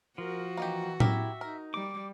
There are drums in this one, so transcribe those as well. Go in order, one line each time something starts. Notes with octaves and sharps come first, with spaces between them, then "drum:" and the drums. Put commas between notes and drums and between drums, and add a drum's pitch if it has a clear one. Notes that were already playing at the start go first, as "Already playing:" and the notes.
F3 F#4 A#4
E3 A#3 D#4 G4
E4 G4 A#4 E5, drum: tom A2
D#4 A#4
G3 D6